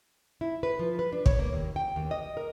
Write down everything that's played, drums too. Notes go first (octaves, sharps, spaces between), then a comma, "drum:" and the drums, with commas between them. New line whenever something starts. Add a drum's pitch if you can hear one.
E4
B4
F3
B4
D4
C#5, drum: kick
A#3
D#2
G5
D#2
D#5
A#4